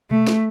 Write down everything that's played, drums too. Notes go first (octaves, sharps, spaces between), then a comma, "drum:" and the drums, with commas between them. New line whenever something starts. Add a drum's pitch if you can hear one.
A3, drum: tom B2
drum: snare